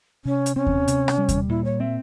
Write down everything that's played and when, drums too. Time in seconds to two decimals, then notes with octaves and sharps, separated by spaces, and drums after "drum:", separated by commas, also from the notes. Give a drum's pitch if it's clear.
0.25 C3 C#4
0.46 drum: hi-hat
0.56 C4 C#4
0.67 drum: kick D#2
0.88 C3, drum: hi-hat
1.08 drum: rim click
1.18 G3
1.29 drum: kick D#2, hi-hat
1.49 A#2 E4
1.65 C#5
1.80 C4 E5